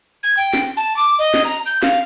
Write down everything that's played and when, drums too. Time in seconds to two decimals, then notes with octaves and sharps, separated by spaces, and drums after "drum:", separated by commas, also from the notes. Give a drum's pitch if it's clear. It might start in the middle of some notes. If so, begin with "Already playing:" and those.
0.23 G#6
0.37 G5
0.54 drum: snare
0.77 A5
0.97 D6
1.19 D#5
1.34 drum: snare
1.45 A#5
1.66 G6
1.83 F5, drum: snare